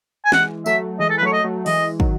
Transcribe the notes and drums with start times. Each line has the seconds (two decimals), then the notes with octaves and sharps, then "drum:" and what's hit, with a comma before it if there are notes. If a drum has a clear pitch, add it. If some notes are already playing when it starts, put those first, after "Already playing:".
0.25 G#5
0.32 E3 G#3 F#5, drum: snare
0.66 F#3 A3 E5, drum: tambourine
0.99 E3 G#3 D#5
1.10 A4
1.18 B4
1.21 F#3 A3 C#5
1.33 D#5
1.44 F#3 A3
1.66 E3 G#3 D#5, drum: open hi-hat
2.00 D#3 F#3, drum: kick